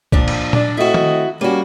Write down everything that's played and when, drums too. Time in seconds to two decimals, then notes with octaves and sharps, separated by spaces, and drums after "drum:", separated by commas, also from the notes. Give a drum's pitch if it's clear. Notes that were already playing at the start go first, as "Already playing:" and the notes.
0.12 A#2 F3 D4, drum: kick
0.28 drum: cymbal
0.53 D4, drum: tom A#2
0.77 A3 C4 E4 F#4 D#5
0.94 drum: tom D#3
1.41 G3 A#3 C#4 F#4